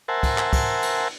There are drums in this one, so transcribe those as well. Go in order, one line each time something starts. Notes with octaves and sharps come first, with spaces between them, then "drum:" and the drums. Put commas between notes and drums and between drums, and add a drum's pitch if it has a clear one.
A#4 C5 E5 F#5 G#5 A5
drum: kick, cymbal
drum: clap
drum: kick, cymbal
drum: cymbal